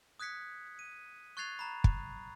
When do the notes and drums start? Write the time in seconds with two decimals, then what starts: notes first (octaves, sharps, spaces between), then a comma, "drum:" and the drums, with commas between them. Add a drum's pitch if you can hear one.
0.19 D#6 F#6 G#6 B6 C#7
0.79 D#7
1.37 C#6 F#6 G#6 A6 C7 F7
1.59 A#5 B5
1.84 drum: kick